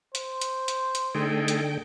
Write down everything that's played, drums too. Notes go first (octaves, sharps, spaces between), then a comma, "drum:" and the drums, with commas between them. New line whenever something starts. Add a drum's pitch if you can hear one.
C5, drum: hi-hat
drum: hi-hat
drum: hi-hat
drum: hi-hat
D3 A3 D#4 G#4 G5
drum: hi-hat